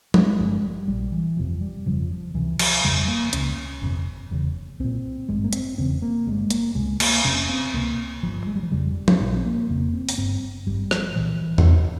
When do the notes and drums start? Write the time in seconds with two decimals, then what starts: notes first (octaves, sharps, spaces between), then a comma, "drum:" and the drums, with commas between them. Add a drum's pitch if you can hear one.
0.14 G#3, drum: tom F3
0.39 G1 G2 G#3
0.64 G3
0.88 A#1 A#2 G3
1.12 E3
1.37 G1 F2 C3 F3
1.61 G3
1.86 G1 F2 C#3 F3
2.11 F3
2.34 C#2 C3 E3
2.59 F3, drum: cymbal
2.84 G1 F2 C#3 G3
3.08 A#3
3.33 C#2 C#3 C#4, drum: hi-hat
3.81 G1 F2 C3
4.31 F1 E2 C#3
4.79 C2 A#2 C4
5.29 G#1 G2 G#3
5.44 A#3
5.53 C4, drum: hi-hat
5.77 F1 E2 C#3 C4
6.02 A#3
6.26 G1 G2 G#3
6.50 A#3, drum: hi-hat
6.75 C#2 C3 G#3
7.00 A#3, drum: cymbal
7.24 F1 F2 C3 C#4
7.49 C4
7.73 C#2 C3 A#3
8.23 G1 G2 F3
8.47 G#3
8.56 G3
8.63 F3
8.71 G1 F2 C#3 G3
9.08 drum: tom F3
9.20 A#1 A#2
9.36 C4
9.45 A#3
9.69 F1 F2 C#3 A#3
9.94 C4
10.09 drum: open hi-hat
10.18 G1 G2 C4
10.67 G#1 G2 G3
10.91 F3, drum: rim click
11.15 C2 A#2 E3
11.58 drum: tom E2